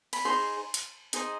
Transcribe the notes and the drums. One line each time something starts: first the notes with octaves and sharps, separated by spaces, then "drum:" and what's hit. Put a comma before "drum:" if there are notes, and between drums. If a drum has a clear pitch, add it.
B5, drum: cymbal
D#4 G#4 C5 C6
drum: hi-hat
D#4 G#4 C5 D#5, drum: hi-hat